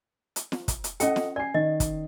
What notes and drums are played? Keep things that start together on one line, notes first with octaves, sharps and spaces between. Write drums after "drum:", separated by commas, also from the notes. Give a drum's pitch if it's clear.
drum: hi-hat
drum: snare
drum: kick, hi-hat
drum: hi-hat
C#4 A4 D#5 F#5 G5, drum: hi-hat
drum: snare
D5 G#5 C7
D#3 D#5
drum: kick, hi-hat